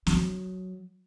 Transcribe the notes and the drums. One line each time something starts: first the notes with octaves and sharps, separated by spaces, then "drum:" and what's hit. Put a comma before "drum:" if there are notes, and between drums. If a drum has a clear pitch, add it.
F#3, drum: snare